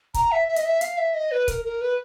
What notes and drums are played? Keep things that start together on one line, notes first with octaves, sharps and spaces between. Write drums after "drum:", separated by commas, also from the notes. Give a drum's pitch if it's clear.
A#5, drum: kick, hi-hat
E5
E5
D#5, drum: hi-hat
E5
F5, drum: hi-hat
E5
D#5
B4
A#4, drum: kick, hi-hat
A#4
B4